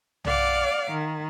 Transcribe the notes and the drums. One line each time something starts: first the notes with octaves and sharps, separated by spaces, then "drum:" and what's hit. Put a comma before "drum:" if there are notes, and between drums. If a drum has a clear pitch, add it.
D5 F5 F#5 D6, drum: tom
D#3